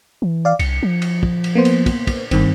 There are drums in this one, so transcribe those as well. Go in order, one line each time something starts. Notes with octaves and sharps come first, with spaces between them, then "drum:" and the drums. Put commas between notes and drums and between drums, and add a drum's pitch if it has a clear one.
E3
D5 F5
C2 C#7, drum: cymbal
F3
drum: cymbal
drum: kick
drum: cymbal
A#3 B3 C5
drum: cymbal
drum: kick, cymbal
drum: kick, cymbal
F#1 G2 D#3 C4, drum: cymbal